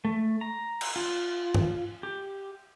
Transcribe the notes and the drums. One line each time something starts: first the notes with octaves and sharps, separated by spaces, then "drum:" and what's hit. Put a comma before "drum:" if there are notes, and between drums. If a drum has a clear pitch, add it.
A3
A#5
drum: cymbal
F4
drum: tom G2
G4